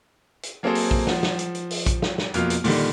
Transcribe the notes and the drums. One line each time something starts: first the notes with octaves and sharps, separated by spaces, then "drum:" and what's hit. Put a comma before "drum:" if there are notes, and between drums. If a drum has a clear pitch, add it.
drum: hi-hat
F#3 A#3 C4 G#4 A4 C5
drum: open hi-hat
drum: kick A#1
F3 F#5, drum: snare
drum: snare
drum: hi-hat
drum: hi-hat
drum: open hi-hat
drum: kick A#1, hi-hat
drum: snare
drum: snare
F2 B2 A#3 F4 F6, drum: hi-hat
drum: hi-hat
A#2 D3 D#3 G3, drum: open hi-hat